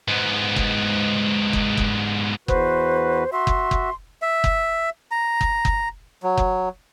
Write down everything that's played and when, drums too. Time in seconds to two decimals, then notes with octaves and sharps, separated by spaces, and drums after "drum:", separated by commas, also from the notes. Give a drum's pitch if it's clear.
0.08 G#2 B3
0.56 drum: kick F#1
1.53 drum: kick F#1
1.77 drum: kick F#1
2.48 E2 F#4 B4 C5, drum: kick F#1
3.32 F#4 E5 C6
3.47 drum: kick F#1
3.71 drum: kick F#1
4.22 E5
4.44 drum: kick F#1
5.11 A#5
5.41 drum: kick F#1
5.65 drum: kick F#1
6.23 F#3
6.37 drum: kick F#1